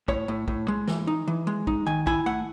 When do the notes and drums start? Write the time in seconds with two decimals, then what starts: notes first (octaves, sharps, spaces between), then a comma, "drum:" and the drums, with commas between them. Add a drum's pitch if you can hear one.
0.08 A2 C#5, drum: kick
0.28 A2
0.48 A2, drum: kick
0.68 G#3
0.88 E3, drum: snare
1.07 D#4
1.28 E3
1.47 G#3
1.67 D#4, drum: kick
1.86 D#3 G#5
2.07 E4 G#5, drum: kick
2.26 A3 F#5